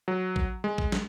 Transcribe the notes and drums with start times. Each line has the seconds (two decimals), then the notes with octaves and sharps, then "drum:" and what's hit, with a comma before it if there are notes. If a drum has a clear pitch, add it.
0.08 F#3
0.36 drum: kick A1
0.64 G#3
0.78 drum: kick A1
0.92 drum: snare